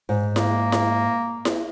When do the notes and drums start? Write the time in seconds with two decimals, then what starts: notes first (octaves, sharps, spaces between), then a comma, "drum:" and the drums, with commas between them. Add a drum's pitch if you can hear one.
0.09 G#2
0.36 A#3, drum: snare E4
0.72 drum: snare E4
1.45 drum: snare E4